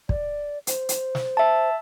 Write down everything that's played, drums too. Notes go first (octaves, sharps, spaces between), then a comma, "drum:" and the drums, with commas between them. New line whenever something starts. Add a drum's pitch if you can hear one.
D5, drum: kick
C5, drum: hi-hat
drum: hi-hat
drum: snare
E5 A5